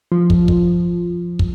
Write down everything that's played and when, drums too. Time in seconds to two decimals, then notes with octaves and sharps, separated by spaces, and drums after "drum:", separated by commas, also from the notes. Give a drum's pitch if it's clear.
0.12 F3
0.30 drum: kick
0.48 drum: kick
1.39 drum: kick